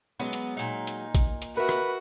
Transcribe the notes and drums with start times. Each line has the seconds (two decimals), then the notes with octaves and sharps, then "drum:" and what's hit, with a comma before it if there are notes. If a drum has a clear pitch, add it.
0.20 F#3 G#3 B3 C#4
0.33 drum: hi-hat
0.57 A#2 D#4
0.87 drum: hi-hat
1.15 drum: kick A1, hi-hat
1.42 drum: hi-hat
1.57 F#4 A#4 B4 E5
1.69 drum: rim click